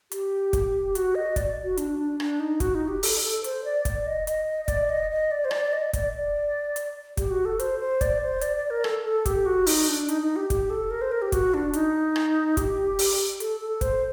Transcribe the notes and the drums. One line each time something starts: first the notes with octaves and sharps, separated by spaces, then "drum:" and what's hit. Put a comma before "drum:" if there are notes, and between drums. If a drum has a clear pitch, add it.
G4, drum: hi-hat
drum: kick, hi-hat
F#4, drum: hi-hat
D#5
D5, drum: kick, hi-hat
F#4
D4, drum: hi-hat
D4
D4, drum: rim click
D#4
F#4, drum: kick, hi-hat
D#4
G4
A4, drum: open hi-hat
A4
C5, drum: hi-hat
D5
D5, drum: kick, hi-hat
D#5
D#5, drum: hi-hat
D#5
D5, drum: kick, hi-hat
D#5
D#5
D5
C5
D5, drum: rim click
D5
D#5
D5, drum: kick, hi-hat
D5
drum: hi-hat
G4, drum: kick, hi-hat
F#4
A4
C5, drum: hi-hat
C5
D5, drum: kick, hi-hat
C5
D5, drum: hi-hat
D5
A#4
A4, drum: rim click
A4
G4, drum: kick, hi-hat
F#4
D#4, drum: open hi-hat
D4
D#4, drum: hi-hat
D#4
G4
G4, drum: kick, hi-hat
A4
A#4
C5
A#4
G4
F#4, drum: kick, hi-hat
D4
D#4, drum: hi-hat
drum: rim click
G4, drum: kick, hi-hat
drum: open hi-hat
A4, drum: hi-hat
A4
C5, drum: kick, hi-hat